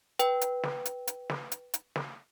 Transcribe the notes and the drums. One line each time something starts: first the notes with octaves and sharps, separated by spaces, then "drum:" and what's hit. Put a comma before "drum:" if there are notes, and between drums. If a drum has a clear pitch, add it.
B4 G5, drum: hi-hat
drum: hi-hat
drum: snare
drum: hi-hat
drum: hi-hat
drum: snare
drum: hi-hat
drum: hi-hat
drum: snare